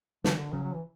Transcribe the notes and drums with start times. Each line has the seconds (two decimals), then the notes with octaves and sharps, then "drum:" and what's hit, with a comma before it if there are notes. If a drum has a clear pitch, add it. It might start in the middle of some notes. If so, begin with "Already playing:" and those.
0.24 D3 E3, drum: snare
0.39 D3
0.53 C#3 F#3
0.63 F#3
0.73 E3